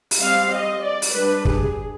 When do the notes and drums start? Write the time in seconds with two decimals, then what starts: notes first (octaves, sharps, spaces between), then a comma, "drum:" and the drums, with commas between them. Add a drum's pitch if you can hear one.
0.11 drum: open hi-hat
0.20 G3 C4 F5
0.52 D#5
0.82 D5
1.02 drum: open hi-hat
1.14 G3 D4 B4
1.45 G#4, drum: kick